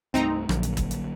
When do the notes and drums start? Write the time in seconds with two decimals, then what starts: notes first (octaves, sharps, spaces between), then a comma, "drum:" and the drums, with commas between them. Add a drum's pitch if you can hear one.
0.14 C2 G2 A3 C4 D#4 A#5
0.49 A#1 D3 F#3 A#3, drum: rim click
0.63 drum: hi-hat
0.77 drum: kick, hi-hat
0.91 drum: hi-hat